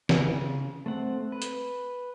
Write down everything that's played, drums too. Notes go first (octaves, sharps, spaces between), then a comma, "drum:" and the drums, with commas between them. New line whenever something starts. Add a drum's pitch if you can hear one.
C#3, drum: snare
A3 C4 F#5
B4
drum: hi-hat